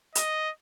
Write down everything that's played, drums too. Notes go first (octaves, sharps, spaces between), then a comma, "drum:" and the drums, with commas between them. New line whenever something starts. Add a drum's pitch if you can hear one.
D#5, drum: hi-hat